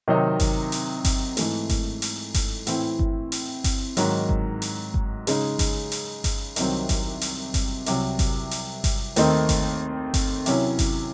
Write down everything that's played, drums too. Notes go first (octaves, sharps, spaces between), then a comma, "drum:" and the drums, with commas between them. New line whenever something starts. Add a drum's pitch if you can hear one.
C3 D#3 F#3 C4 D#4
drum: kick G1, open hi-hat
drum: open hi-hat
drum: kick G1, open hi-hat
G#2 E3 A3, drum: open hi-hat
drum: kick G1, open hi-hat
drum: open hi-hat
drum: kick G1, open hi-hat
A2 E3 C4 E4, drum: open hi-hat
drum: kick G1
drum: open hi-hat
drum: kick G1, open hi-hat
G#2 D#3 F#3, drum: open hi-hat
drum: kick G1
drum: open hi-hat
drum: kick G1
C#3 G#3 D#4, drum: open hi-hat
drum: kick G1, open hi-hat
drum: open hi-hat
drum: kick G1, open hi-hat
C2 C3 D#3 F#3 C4, drum: open hi-hat
drum: kick G1, open hi-hat
drum: open hi-hat
drum: kick G1, open hi-hat
C2 C3 F#3, drum: open hi-hat
drum: kick G1, open hi-hat
drum: open hi-hat
drum: kick G1, open hi-hat
D#2 D#3 A3 C4 D#4, drum: open hi-hat
drum: kick G1, open hi-hat
drum: kick G1, open hi-hat
C3 F#3 C#4 E4, drum: open hi-hat
drum: kick G1, open hi-hat